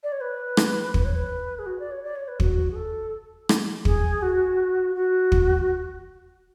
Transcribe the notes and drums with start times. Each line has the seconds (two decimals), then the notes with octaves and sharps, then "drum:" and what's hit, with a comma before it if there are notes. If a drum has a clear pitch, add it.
0.03 D5
0.12 C#5
0.21 B4
0.57 drum: rim click
0.94 B4, drum: kick
1.05 C#5
1.16 B4
1.59 G#4
1.66 F#4
1.79 D5
1.91 C#5
2.04 D5
2.16 C#5
2.28 B4
2.40 F#4, drum: kick
2.71 G#4
2.76 A4
3.49 drum: rim click
3.85 G#4, drum: kick
4.22 F#4
4.95 F#4
5.32 drum: kick